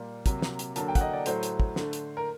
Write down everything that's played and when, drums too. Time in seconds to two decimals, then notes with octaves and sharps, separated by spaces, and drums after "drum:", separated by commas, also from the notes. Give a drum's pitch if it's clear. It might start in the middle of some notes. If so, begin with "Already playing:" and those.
Already playing: A#2 G3 A#3
0.26 C3 F#3 A#3, drum: kick, hi-hat
0.42 drum: snare
0.59 drum: hi-hat
0.76 D3 F#3 A#3 A5, drum: hi-hat
0.88 G5
0.95 F#5, drum: kick, hi-hat
1.01 D#5
1.13 D5
1.26 A2 F#3 A3 C5, drum: hi-hat
1.43 drum: hi-hat
1.60 drum: kick
1.76 D3 A3, drum: snare
1.93 drum: hi-hat
2.17 A#4